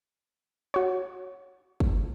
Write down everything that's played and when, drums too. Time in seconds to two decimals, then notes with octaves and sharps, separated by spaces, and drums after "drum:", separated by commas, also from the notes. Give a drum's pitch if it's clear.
0.74 F#4 C#5
1.80 drum: kick